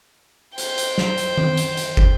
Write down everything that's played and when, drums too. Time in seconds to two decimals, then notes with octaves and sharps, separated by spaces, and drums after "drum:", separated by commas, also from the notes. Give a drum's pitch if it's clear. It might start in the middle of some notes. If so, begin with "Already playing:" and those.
0.58 C5 G5, drum: hi-hat
0.78 drum: hi-hat
0.98 drum: snare
1.18 drum: hi-hat
1.38 drum: tom D#3
1.57 drum: hi-hat
1.77 drum: hi-hat
1.97 drum: kick